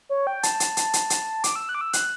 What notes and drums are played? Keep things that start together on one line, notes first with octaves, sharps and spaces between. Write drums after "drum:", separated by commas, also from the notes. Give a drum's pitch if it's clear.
C#5
G5
A5, drum: hi-hat
drum: hi-hat
drum: hi-hat
drum: hi-hat
drum: hi-hat
D6, drum: hi-hat
E6
F#6
D6
E6
F#6, drum: hi-hat